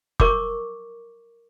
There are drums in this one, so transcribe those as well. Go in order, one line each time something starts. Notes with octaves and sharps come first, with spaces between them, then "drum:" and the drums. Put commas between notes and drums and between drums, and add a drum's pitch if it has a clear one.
A#4 C#6 D6, drum: kick